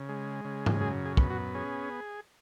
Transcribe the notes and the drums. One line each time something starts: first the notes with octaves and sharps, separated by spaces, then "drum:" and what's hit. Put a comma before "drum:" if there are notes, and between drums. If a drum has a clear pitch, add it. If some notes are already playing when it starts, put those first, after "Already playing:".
Already playing: C#3
G#3
C#3
drum: tom G#2
F#2 G#4
G#4
B3, drum: kick
F#4
C#4 G#4